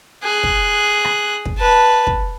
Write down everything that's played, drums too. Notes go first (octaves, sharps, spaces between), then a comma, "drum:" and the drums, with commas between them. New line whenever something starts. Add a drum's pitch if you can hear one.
G#4 F#6
drum: kick
drum: rim click
drum: kick
B4 A5
drum: kick